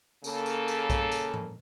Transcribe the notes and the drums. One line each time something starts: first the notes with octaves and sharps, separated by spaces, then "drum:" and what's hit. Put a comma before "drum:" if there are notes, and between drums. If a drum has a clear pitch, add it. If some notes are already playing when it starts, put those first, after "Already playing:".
C#3 A#3 A4, drum: tambourine
drum: tambourine
drum: tambourine
drum: kick A#1, tambourine
drum: tambourine
drum: tom G#2